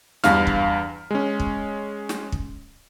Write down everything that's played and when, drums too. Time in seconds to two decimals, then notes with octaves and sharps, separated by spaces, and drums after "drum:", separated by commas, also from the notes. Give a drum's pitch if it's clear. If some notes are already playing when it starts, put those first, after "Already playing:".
0.24 E2 G2 F5 F6, drum: snare
0.47 drum: kick
1.11 G#3 C#4
1.40 drum: kick
2.09 drum: snare
2.32 drum: kick